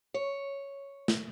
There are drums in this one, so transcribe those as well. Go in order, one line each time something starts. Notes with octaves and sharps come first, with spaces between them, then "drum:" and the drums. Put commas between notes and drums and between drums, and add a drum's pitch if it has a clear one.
C#5
drum: snare